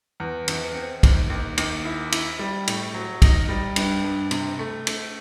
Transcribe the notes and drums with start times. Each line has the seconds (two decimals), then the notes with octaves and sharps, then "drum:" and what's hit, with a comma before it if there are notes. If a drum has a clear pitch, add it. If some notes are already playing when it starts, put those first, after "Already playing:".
0.20 E2
0.48 E2, drum: cymbal
0.75 C4
1.03 D#2, drum: kick, cymbal
1.30 D#2
1.58 D#2, drum: cymbal
1.85 E4
2.12 E4, drum: cymbal
2.39 G3
2.68 A2, drum: cymbal
2.94 F#3
3.22 D#4, drum: kick, cymbal
3.49 G3
3.76 G2, drum: cymbal
4.04 G2
4.31 C3, drum: cymbal
4.59 A3
4.87 A3, drum: cymbal